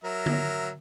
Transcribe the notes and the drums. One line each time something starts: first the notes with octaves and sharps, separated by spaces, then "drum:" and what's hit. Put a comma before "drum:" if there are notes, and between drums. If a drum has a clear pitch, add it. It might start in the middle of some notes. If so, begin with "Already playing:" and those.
F#3 A#4 E5
drum: tom D3